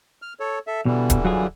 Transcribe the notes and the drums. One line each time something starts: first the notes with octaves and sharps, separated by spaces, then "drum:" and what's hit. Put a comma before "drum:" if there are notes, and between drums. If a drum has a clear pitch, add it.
F6
A4 C#5
A4 E5
B2 D3 E3 G3
drum: kick D1, hi-hat
F#3 F4 G#4